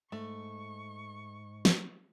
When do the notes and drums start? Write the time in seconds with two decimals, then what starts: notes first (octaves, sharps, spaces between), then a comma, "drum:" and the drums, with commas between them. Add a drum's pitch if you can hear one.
0.12 G#2 A3 C#6
1.65 drum: snare